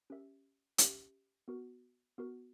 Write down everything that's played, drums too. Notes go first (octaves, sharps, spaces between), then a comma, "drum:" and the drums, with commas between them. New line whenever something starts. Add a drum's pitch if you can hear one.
C#4 G4 A#4 E5
C#4 G4 A#4 E5, drum: hi-hat
B3 F#4 A#4
B3 F#4 A#4